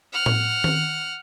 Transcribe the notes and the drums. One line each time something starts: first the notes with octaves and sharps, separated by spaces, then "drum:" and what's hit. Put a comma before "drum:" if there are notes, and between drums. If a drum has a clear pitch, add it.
F#5 F6
drum: tom A2
drum: tom D#3